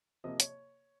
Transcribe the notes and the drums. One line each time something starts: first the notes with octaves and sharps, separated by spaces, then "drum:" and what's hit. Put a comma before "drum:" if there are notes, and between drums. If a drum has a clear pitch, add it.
C3 F3 A#3 D#5
C#5, drum: hi-hat